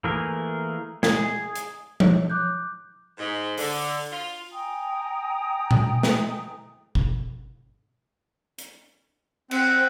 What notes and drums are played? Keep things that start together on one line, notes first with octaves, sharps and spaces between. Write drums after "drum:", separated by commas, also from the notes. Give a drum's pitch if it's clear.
E3 A3 A#3 G#4 A#4
G#4, drum: snare
drum: hi-hat
C#5, drum: tom F3
D6 F#6 G6
G#2
D3, drum: open hi-hat
F4
G5 G#5 A#5 D#6
drum: tom A#2
drum: snare
drum: kick
drum: hi-hat
C4 F#5, drum: cymbal